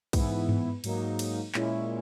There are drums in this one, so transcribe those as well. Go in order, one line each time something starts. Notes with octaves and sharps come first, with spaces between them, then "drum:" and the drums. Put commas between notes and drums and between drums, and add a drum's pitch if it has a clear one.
G#2 E3 B3 E4, drum: kick, cymbal
drum: tom G2
G#2 F#3 A#3 D#4, drum: cymbal
drum: cymbal
A#2 G#3 C#4 E4, drum: clap